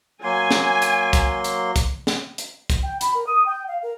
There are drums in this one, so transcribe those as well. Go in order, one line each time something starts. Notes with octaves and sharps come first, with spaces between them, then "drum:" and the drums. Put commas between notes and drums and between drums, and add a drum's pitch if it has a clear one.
F#3 A#3 G#5 C6
drum: snare
drum: hi-hat
drum: kick, hi-hat
drum: hi-hat
drum: kick, hi-hat
drum: snare
drum: hi-hat
drum: kick, hi-hat
G5
B5, drum: hi-hat
A#4
D#6
G5
F5
A#4